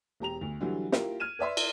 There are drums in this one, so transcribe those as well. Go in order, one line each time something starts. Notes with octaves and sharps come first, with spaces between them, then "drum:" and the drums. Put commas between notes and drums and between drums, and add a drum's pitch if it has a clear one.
E1 G4 A#5 F7
D2
D3 E3 F#3 G3
A#3 E4 F4 G4 A#4, drum: snare
F6 G#6 D#7 E7
B4 D5 E5 C6
drum: cymbal